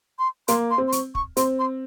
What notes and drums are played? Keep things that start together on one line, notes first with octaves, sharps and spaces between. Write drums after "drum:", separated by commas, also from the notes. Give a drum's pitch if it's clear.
C6
A#3 C6, drum: hi-hat
C6
C4
C6
C#6, drum: hi-hat
C#6, drum: kick
C4 C6, drum: hi-hat
C6